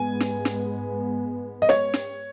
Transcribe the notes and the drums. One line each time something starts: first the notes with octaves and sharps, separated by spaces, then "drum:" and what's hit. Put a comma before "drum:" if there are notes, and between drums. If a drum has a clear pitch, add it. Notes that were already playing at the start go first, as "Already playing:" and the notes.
Already playing: G#2 G#3 B3 G#5
drum: snare
drum: snare
D#5
C#5, drum: snare
drum: snare